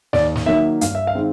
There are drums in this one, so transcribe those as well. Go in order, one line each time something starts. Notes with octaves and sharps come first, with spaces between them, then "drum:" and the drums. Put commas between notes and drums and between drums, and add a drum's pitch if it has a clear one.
D#2 D5, drum: snare
drum: snare
D#3 F#3 A#3 E5
G2 F5, drum: hi-hat
E5
F5
D#3 G#3 C4